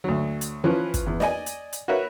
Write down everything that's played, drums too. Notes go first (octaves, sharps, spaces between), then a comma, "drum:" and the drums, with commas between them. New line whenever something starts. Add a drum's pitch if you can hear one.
D2 F#3
drum: hi-hat
E3 F3 C#4 B4
drum: kick, hi-hat
E2
D5 D#5 G#5, drum: snare
drum: hi-hat
drum: hi-hat
F#4 A#4 B4 C#5 E5